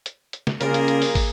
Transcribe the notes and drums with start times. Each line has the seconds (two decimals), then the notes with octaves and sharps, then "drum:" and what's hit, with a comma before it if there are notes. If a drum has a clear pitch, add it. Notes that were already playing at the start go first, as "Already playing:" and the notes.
0.06 drum: hi-hat
0.33 drum: hi-hat
0.47 drum: snare
0.61 C#3 G3 A#3 F4 G#4 A#4, drum: hi-hat
0.74 drum: hi-hat
0.88 drum: hi-hat
1.02 drum: open hi-hat
1.15 drum: kick, open hi-hat